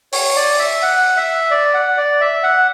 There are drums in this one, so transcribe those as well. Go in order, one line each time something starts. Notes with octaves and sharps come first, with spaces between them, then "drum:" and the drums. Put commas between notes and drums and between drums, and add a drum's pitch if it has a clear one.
C#5, drum: open hi-hat
D5
E5
F#5
E5
D5
F#5
D5
E5
F#5